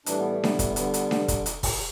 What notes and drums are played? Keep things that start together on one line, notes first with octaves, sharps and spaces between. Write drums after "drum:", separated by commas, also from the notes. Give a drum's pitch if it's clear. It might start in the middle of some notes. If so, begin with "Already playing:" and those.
A2 E3 G3 D4, drum: hi-hat
B3
A3
B3, drum: snare D4
drum: kick, hi-hat
D3 G3, drum: hi-hat
drum: hi-hat
drum: snare D4
drum: kick, hi-hat
drum: hi-hat
drum: kick, open hi-hat